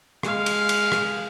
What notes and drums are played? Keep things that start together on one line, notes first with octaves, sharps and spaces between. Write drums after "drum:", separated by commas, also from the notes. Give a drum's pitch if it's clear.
G#3 F5, drum: rim click
drum: cymbal
drum: cymbal
drum: rim click